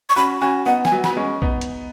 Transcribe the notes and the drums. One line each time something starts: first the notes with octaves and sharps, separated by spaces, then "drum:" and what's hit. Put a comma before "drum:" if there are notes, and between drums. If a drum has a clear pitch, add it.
C#6
C#4 F#4 B5
C#4 F#4 G#5
B3 D#4 F#5
G#5, drum: snare
F#3 B3
B5, drum: snare
B3
G#3 C#4
B3 D#4, drum: kick A#1
drum: hi-hat